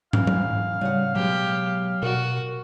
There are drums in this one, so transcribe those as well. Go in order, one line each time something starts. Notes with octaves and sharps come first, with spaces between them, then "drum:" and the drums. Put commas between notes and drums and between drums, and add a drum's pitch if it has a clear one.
E3 F5, drum: tom
drum: tom F#3
C#3 G3 F#5
B2 F#3 G#3 G4
B2 F#4 A#4 D5